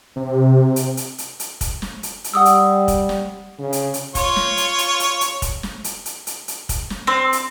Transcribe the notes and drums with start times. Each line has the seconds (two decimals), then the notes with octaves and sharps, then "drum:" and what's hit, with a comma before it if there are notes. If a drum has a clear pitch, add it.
0.16 C3
0.76 drum: hi-hat
0.97 drum: hi-hat
1.18 drum: hi-hat
1.40 drum: hi-hat
1.61 drum: kick, hi-hat
1.82 drum: snare
2.03 drum: hi-hat
2.24 drum: hi-hat
2.34 G3 F#5 D#6 E6
2.45 drum: hi-hat
2.88 drum: kick, hi-hat
3.09 drum: snare
3.59 C#3
3.73 drum: hi-hat
3.94 drum: hi-hat
4.15 F4 C#5, drum: kick, hi-hat
4.36 drum: snare
4.57 drum: hi-hat
4.78 drum: hi-hat
5.00 drum: hi-hat
5.21 drum: hi-hat
5.42 drum: kick, hi-hat
5.63 drum: snare
5.84 drum: hi-hat
6.06 drum: hi-hat
6.27 drum: hi-hat
6.48 drum: hi-hat
6.69 drum: kick, hi-hat
6.90 drum: snare
7.07 C4
7.33 drum: hi-hat